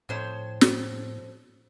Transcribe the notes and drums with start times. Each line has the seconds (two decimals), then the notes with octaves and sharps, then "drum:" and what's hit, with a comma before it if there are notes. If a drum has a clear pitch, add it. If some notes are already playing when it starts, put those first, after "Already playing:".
0.09 F2 A2 C5 C#5
0.61 drum: snare